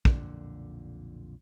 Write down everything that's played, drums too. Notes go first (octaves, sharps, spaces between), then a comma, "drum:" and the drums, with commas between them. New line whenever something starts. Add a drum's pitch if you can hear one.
B1 F2 A#2 D3, drum: kick